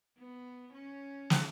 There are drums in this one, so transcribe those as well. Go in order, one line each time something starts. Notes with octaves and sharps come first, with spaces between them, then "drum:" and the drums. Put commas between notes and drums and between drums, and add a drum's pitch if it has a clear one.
B3
C#4
drum: snare